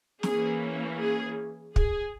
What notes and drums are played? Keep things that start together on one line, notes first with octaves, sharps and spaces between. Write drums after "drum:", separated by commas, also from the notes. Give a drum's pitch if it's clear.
E3 A#3 C#4 G#4, drum: snare
G#4
G#4, drum: kick